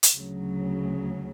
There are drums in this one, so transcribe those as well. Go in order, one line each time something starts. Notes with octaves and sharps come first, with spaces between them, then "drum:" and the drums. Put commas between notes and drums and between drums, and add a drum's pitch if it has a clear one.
drum: hi-hat
D2 C#3 F#3